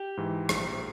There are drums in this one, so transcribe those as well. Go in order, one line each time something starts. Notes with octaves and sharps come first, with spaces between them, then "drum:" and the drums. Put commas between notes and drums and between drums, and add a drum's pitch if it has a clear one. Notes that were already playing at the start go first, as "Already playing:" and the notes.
Already playing: G4
G#2 E3
A#1, drum: rim click